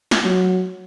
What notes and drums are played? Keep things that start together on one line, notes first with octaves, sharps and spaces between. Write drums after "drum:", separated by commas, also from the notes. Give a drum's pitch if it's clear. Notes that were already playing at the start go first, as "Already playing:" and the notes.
drum: snare
F#3